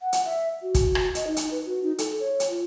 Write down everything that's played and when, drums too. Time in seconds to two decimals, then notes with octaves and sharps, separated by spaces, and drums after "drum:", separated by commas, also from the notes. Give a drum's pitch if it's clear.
0.01 F#5
0.13 drum: hi-hat
0.25 E5
0.62 F#4
0.75 drum: kick, hi-hat
0.95 drum: rim click
1.15 D#5, drum: hi-hat
1.27 D#4
1.36 drum: hi-hat
1.51 B4
1.66 F#4
1.83 D#4
1.98 A4, drum: hi-hat
2.20 C#5
2.40 drum: hi-hat
2.50 F4